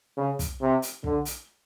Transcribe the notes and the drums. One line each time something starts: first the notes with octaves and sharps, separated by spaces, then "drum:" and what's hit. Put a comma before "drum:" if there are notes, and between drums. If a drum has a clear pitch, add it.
C#3
drum: kick, hi-hat
C3
drum: hi-hat
D3, drum: kick
drum: hi-hat